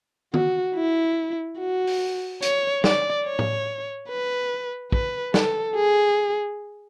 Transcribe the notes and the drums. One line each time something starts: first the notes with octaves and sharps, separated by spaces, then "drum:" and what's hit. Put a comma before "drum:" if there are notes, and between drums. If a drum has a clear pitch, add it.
F#4, drum: tom D#3
E4
F#4
drum: open hi-hat
C#5, drum: hi-hat
D5, drum: snare
C#5
drum: tom
B4
B4, drum: kick
A4, drum: snare
G#4